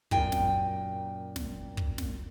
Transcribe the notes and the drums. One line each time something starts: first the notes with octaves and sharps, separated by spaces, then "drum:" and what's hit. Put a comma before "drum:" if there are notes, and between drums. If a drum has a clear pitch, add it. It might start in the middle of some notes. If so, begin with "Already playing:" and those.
F#2 A#2 G5 G#5, drum: kick
drum: snare
drum: snare
drum: kick
drum: snare